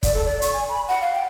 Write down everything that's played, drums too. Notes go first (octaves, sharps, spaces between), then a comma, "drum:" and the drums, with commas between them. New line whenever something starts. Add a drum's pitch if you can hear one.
D5, drum: kick, hi-hat
A4
D5
C#6, drum: hi-hat
G#5
B5
F#5
F5
G5